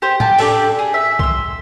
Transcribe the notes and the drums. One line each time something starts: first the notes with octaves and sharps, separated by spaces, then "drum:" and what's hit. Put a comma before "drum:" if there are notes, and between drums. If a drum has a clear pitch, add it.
G4 C5
G4 A5, drum: tom
D4 G4 A4 D5, drum: open hi-hat
G#4
E5
C6 E6, drum: kick C2